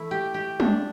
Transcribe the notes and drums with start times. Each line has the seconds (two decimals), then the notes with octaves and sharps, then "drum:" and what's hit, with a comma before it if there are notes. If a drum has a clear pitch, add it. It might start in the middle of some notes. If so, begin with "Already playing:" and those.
Already playing: E3 A3 E4
0.11 G4
0.34 G4
0.60 D4, drum: tom G3